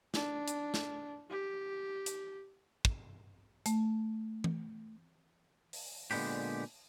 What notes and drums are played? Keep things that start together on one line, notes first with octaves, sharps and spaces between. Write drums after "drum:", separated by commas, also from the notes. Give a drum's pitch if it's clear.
D4, drum: snare
drum: hi-hat
drum: snare
G4
drum: hi-hat
drum: kick
A3, drum: hi-hat
drum: tom E3
drum: open hi-hat
A#2 D3 G#3 B3 D4 G4, drum: open hi-hat